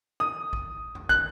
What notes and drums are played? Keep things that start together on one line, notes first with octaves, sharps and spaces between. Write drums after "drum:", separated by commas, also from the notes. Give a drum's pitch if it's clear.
D#6
drum: kick
drum: tom F2
F#6, drum: kick